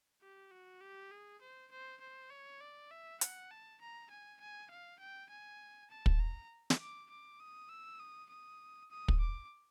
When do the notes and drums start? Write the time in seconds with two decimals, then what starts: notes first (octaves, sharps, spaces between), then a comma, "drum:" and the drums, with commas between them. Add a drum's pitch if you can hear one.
0.22 G4
0.51 F#4
0.81 G4
1.11 G#4
1.41 C5
1.71 C5
2.01 C5
2.30 C#5
2.61 D5
2.91 E5
3.21 F#5, drum: hi-hat
3.51 A5
3.81 A#5
4.10 G#5
4.40 G#5
4.70 F5
5.00 G5
5.30 G#5
5.90 A5
6.06 drum: kick
6.20 A#5
6.70 drum: snare
6.80 D6
7.10 D6
7.40 D#6
7.69 E6
8.00 D#6
8.29 D#6
8.90 D#6
9.08 drum: kick
9.20 D6